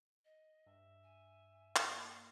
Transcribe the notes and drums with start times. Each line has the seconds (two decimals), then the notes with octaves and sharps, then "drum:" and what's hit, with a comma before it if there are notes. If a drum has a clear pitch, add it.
0.25 D#5
0.67 G2 E5
1.04 G#5
1.76 A#3, drum: clap